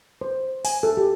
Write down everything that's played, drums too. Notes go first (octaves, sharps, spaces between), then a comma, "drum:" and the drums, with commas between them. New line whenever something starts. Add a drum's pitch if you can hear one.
C5
G#5, drum: open hi-hat
A4
G4